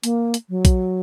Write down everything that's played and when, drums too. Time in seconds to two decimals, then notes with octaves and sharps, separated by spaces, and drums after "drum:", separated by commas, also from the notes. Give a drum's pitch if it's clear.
0.03 A#3, drum: hi-hat
0.34 drum: hi-hat
0.49 F#3
0.65 drum: kick A#1, hi-hat